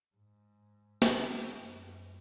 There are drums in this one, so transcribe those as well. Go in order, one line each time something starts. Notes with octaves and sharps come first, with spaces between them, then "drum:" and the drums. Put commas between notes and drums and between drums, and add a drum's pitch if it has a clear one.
G#2
drum: snare
F#2